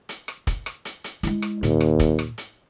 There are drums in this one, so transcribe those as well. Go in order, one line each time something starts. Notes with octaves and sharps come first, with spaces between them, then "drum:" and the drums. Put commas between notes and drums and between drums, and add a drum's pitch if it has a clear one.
drum: hi-hat
drum: rim click
drum: kick, hi-hat
drum: rim click
drum: hi-hat
drum: hi-hat
G#3 E4, drum: hi-hat
drum: rim click
D#2 A#2, drum: hi-hat
drum: rim click
drum: kick, hi-hat
drum: rim click
drum: hi-hat